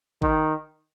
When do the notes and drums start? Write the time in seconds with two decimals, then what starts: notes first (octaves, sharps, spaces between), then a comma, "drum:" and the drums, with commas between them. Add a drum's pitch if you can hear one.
0.22 D#3, drum: kick A1